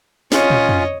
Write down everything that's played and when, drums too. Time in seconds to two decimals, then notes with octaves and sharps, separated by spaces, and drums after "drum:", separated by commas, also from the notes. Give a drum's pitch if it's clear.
0.32 C#4 F4 C#5 D#5, drum: snare
0.50 drum: tom
0.69 drum: tom F2